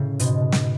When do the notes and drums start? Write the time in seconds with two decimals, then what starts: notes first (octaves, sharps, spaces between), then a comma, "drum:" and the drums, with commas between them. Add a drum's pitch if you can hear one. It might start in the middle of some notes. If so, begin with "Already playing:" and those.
Already playing: A2 C#3
0.19 G#2 B2, drum: hi-hat
0.52 drum: snare